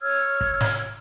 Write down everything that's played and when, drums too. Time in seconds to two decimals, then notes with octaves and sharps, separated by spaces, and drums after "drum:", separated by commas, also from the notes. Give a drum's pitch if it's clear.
0.01 C#5 E6 F6 G#6
0.41 drum: kick
0.61 drum: snare